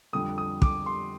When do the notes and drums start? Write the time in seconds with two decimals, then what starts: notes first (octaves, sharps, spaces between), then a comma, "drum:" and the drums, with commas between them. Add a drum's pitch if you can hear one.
0.13 F2 D3 G3 D#6
0.38 D#6
0.62 D6, drum: kick
0.86 C6